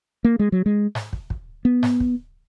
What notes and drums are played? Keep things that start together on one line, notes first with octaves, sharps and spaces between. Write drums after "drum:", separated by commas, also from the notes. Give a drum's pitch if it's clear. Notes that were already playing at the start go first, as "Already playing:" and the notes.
A#3
G#3
F#3
G#3
drum: snare G#2
drum: kick
drum: kick
B3
drum: snare G#2
drum: kick